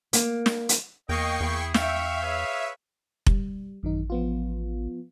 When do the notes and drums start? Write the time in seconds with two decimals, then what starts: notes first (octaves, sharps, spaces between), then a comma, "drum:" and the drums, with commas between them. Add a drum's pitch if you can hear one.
0.13 A#3, drum: hi-hat
0.46 drum: snare
0.69 drum: hi-hat
1.09 E2 A#3 D#5 G5 C#6 C7
1.40 E2 E4 G#4
1.74 E5 F5 G5 C#6, drum: snare
2.22 G#4 B4 C#5
3.26 G3, drum: kick F1
3.83 A1 F#2 D#3 D#4
4.10 F3 B3 F4